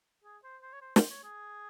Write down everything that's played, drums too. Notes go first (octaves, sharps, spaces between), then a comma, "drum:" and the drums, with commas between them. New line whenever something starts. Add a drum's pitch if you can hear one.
G#4
C5
C5
C#5
C5
C5, drum: snare
C#5
G#4